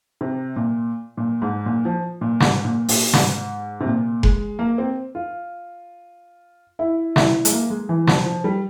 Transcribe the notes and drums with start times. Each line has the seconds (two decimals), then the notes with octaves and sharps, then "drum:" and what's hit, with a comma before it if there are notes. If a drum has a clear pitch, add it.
0.21 C3
0.56 A#2
1.17 A#2
1.42 G#2
1.66 A#2
1.85 F3
2.21 A#2
2.40 G#2, drum: snare
2.65 A#2
2.88 A#2, drum: open hi-hat
3.13 G#2, drum: snare
3.80 C3
3.86 A#2
4.23 G#3, drum: kick F1
4.59 A#3
4.78 C4
5.15 F4
6.79 E4
7.16 E4, drum: snare
7.45 G#3, drum: hi-hat
7.52 A#3
7.70 G#3
7.89 E3
8.07 F3, drum: snare
8.26 F3
8.44 G3